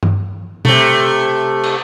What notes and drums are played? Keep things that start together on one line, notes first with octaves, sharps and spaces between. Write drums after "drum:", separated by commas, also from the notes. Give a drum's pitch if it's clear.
drum: tom G2
C3 A3, drum: tom B2
drum: cymbal